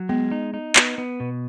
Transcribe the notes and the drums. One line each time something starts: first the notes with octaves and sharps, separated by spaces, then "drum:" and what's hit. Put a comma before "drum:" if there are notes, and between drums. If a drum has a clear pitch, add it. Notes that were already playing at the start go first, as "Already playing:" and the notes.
Already playing: F#3
G#3 B3
D#4
D#4
B3, drum: clap
B3
B2